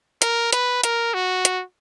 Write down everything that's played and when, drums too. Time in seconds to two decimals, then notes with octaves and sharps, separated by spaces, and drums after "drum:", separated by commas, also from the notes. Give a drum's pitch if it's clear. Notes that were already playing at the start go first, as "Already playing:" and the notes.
0.22 A#4, drum: hi-hat
0.53 B4, drum: hi-hat
0.83 A#4, drum: hi-hat
1.14 F#4
1.45 drum: hi-hat